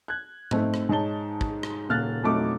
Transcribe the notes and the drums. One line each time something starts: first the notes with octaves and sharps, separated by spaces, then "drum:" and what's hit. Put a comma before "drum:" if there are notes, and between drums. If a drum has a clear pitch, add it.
F#6 G#6
A3 C4 D#4, drum: tom G#2
drum: rim click
G#2 D#4 C#5 A5 G7
drum: kick
drum: rim click
D#1 C#3 A#3 F6 F#6 A6
E1 F2 F#3 A3 D#4 D6